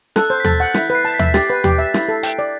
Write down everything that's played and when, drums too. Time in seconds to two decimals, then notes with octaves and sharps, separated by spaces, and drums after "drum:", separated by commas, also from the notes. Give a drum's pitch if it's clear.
0.16 A4 F#6, drum: snare
0.30 C5 G6
0.40 B6
0.45 A4 A6, drum: tom D#2
0.60 F#5 A6
0.74 E4 B6, drum: snare
0.90 B4
0.95 C7
1.05 A5
1.14 B6
1.19 E5, drum: tom D#2
1.28 B6
1.34 G4 A6, drum: snare
1.50 B4
1.64 G4, drum: tom D#2
1.78 E5
1.94 E4, drum: snare
2.08 A4
2.23 G5, drum: hi-hat
2.39 D5